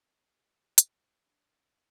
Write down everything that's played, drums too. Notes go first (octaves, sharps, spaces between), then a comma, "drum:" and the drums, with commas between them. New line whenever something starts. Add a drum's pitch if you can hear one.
G4
drum: hi-hat
D4